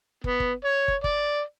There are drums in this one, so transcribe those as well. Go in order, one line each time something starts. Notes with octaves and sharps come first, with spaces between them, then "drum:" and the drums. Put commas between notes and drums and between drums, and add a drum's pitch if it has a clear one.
B3, drum: kick
drum: kick
C#5
drum: kick
D5, drum: kick